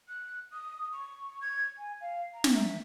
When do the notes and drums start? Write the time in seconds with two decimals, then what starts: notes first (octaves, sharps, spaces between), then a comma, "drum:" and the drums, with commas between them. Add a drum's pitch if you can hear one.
0.08 F#6
0.53 D#6
0.93 C#6
1.41 G#6
1.78 G#5
2.01 F5
2.34 A#5
2.44 drum: snare
2.54 E5